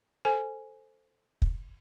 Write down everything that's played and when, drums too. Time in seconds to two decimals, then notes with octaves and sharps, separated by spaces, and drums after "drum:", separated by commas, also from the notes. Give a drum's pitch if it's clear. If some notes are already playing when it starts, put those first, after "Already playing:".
0.25 A4 C5 G#5
1.42 drum: kick